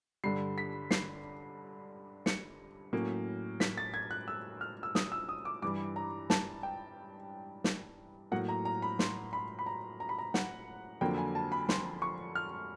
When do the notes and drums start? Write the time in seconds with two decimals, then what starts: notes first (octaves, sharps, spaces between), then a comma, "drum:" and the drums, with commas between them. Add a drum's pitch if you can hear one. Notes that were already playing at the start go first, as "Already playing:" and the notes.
0.24 G2 D3 G3 C7
0.58 B6
0.91 C7, drum: snare
2.26 C#7, drum: snare
2.92 A2 F#3 A#3 C#4
3.60 B6, drum: snare
3.78 A6
3.94 G#6
4.11 F#6
4.28 E6
4.61 F6
4.83 E6
4.95 D#6, drum: snare
5.12 E6
5.29 D#6
5.45 D6
5.62 G2 E3 G3 D6
5.96 A#5
6.30 A5, drum: snare
6.63 G5
7.64 drum: snare
8.32 A2 F#3 A#3 F#5
8.49 A#5
8.65 A#5
8.82 B5
8.99 C6, drum: snare
9.33 B5
9.59 B5
9.66 A#5
10.00 A#5
10.09 B5
10.18 A#5
10.34 F#5, drum: snare
11.01 F2 D3 F#3 A#3 G5
11.18 G#5
11.35 A5
11.52 B5
11.69 C6, drum: snare
12.02 C#6
12.35 F6